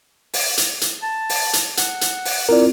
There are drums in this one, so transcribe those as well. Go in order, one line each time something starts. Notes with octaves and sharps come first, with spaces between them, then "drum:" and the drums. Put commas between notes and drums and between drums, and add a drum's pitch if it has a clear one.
drum: open hi-hat
drum: hi-hat
drum: hi-hat
A5
drum: open hi-hat
drum: hi-hat
F#5, drum: hi-hat
drum: hi-hat
drum: open hi-hat
C4 E4 F4 A#4 D5